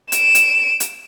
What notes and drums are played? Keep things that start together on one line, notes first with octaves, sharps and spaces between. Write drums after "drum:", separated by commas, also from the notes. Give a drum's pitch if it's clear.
D7 E7, drum: hi-hat
drum: hi-hat
drum: hi-hat